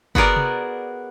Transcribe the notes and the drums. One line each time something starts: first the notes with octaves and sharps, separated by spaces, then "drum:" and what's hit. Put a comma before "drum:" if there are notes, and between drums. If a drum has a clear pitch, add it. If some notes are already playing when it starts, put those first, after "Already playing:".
B3 F#4 G#4 A#4 D5, drum: kick F#1
drum: tom C3